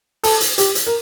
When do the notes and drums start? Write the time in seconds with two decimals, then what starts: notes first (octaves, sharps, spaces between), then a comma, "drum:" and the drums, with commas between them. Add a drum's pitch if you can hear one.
0.24 A4, drum: open hi-hat
0.41 drum: hi-hat
0.58 G4, drum: hi-hat
0.75 drum: hi-hat
0.87 A#4